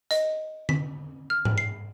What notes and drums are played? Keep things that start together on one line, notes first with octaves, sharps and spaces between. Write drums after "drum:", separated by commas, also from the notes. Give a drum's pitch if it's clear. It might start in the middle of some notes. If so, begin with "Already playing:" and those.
D#5, drum: hi-hat
B6, drum: tom D3
F6
drum: tom G#2
C7